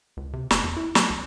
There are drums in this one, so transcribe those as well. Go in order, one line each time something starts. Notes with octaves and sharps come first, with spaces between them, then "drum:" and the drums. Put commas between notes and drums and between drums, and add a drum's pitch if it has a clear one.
C#2
C3
F#1, drum: snare
E2
E4
F#3, drum: snare
C2